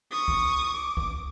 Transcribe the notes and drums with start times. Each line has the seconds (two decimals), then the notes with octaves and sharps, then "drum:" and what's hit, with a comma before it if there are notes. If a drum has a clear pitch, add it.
0.11 C#6 D#6
0.28 drum: kick
0.74 D6
0.97 drum: kick